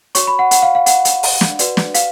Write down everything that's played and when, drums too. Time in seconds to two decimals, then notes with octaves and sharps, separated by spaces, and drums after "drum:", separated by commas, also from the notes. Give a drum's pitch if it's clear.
0.15 F#4 C#5 C#6, drum: hi-hat
0.27 B5
0.39 F#5
0.51 F#5, drum: hi-hat
0.62 F5
0.75 F5
0.86 F#5, drum: hi-hat
1.05 drum: hi-hat
1.23 drum: open hi-hat
1.41 drum: snare
1.59 F#4 B4 D5, drum: hi-hat
1.77 drum: snare
1.94 F5, drum: hi-hat